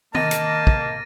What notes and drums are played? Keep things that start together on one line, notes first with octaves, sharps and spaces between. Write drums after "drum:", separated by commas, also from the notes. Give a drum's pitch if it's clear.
A#3 D#5 A5 A6 A#6 D#7, drum: tom D#3
drum: hi-hat
drum: kick